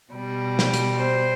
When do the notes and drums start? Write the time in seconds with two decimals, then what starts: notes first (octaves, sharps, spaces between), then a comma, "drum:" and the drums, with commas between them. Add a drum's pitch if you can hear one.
0.12 B2 G3
0.59 drum: snare
0.73 drum: hi-hat
0.96 C5